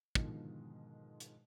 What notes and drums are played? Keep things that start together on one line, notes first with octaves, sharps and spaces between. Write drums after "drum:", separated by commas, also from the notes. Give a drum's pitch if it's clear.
G#2 B2 D3 D#3 F3, drum: kick
drum: hi-hat